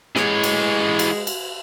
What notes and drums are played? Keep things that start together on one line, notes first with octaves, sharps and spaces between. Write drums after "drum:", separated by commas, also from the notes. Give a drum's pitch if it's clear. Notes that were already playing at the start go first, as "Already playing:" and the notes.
E3 G#3 C#5, drum: snare
drum: cymbal
drum: cymbal
drum: cymbal